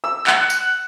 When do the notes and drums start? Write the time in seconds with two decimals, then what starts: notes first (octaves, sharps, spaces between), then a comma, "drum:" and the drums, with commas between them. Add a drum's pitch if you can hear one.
0.04 E6
0.27 F#5, drum: clap
0.50 drum: tambourine